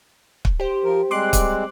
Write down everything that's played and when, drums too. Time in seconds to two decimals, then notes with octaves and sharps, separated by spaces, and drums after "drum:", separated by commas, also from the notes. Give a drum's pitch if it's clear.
0.45 drum: kick
0.60 G4 C5
0.84 F3 A#4
1.11 G3 G#3 C4 C6 D6 F#6
1.33 drum: kick, hi-hat